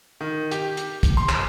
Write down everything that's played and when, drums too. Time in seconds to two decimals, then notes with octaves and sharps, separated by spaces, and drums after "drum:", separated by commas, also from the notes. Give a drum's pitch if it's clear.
0.21 D#3
0.51 G4, drum: hi-hat
0.77 drum: hi-hat
1.03 drum: kick, hi-hat
1.17 C6
1.29 drum: clap